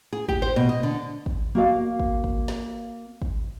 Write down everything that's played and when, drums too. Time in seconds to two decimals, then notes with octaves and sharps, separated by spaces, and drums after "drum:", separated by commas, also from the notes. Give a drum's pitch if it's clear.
0.13 G#4
0.29 G4, drum: kick
0.42 C5
0.56 B2
0.69 D#5
0.83 D3
1.26 drum: kick
1.55 A#3 F#4 F5
1.99 drum: kick
2.24 drum: kick
2.48 drum: snare
3.22 drum: kick